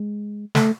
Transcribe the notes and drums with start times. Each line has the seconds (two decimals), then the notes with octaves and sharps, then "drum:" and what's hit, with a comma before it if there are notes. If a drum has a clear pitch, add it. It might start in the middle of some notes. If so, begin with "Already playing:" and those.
Already playing: G#3
0.55 A3, drum: snare